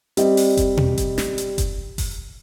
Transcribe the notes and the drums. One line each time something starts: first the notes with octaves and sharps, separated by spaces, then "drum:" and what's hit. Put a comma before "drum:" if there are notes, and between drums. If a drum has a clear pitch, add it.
G3 C4 G4 D#5, drum: hi-hat
drum: open hi-hat
drum: kick F#1, hi-hat
drum: tom B2
drum: kick F#1, hi-hat
drum: snare
drum: hi-hat
drum: kick F#1, hi-hat
drum: kick F#1, open hi-hat